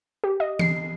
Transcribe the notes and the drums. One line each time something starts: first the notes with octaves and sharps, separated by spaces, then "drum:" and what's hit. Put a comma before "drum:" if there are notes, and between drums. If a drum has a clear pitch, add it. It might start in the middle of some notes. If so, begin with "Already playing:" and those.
G4
D#5
C7, drum: tom E3